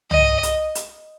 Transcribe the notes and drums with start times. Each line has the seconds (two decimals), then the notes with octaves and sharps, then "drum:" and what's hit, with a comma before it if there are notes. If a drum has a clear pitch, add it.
0.11 D#5, drum: tom
0.43 drum: hi-hat
0.75 drum: hi-hat